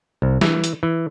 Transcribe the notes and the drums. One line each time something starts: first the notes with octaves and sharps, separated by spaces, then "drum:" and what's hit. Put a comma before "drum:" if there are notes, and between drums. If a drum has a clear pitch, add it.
C2
E3, drum: snare
drum: hi-hat
E3